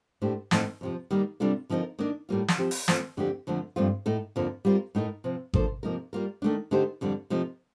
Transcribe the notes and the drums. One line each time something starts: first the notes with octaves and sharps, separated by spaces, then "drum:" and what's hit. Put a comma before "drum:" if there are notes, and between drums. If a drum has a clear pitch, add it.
A2 A3 D4 G4 C5
A2 A3 C4 D#4, drum: snare
F2 C3 F3
D#3 G3 A#3
C3 G3 D4 F4 A4
D3 F3 C4 D#4 A#4
D#3 A#3 D4
A2 G3 A#3 F4
drum: snare
F3 C4 G4 C5
drum: open hi-hat
F3 A3 C4, drum: snare
F2 D3 A3 C4 G4
F2 D3 F3 A3
G2 F3 A3 C4 F4
A2 A3 D#4 A4
F2 D3 F3 A#3
G3 C4 F4 A#4
A2 A3 D#4 A#4
C3 F3 C4
F3 A#3 D4 A4 C5, drum: kick G#1
C3 F3 A#3 D#4 A#4
G3 A#3 F4 A#4
D#3 A3 D4
D3 A3 D#4 G4 C5
F2 D3 G3
C3 F3 A3 D#4